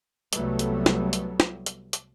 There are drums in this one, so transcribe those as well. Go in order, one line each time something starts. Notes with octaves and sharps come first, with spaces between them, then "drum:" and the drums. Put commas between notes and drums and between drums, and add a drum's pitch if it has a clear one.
C2 F#3 G3 A3 B3, drum: hi-hat
drum: hi-hat
drum: snare
drum: hi-hat
drum: snare
drum: hi-hat
drum: hi-hat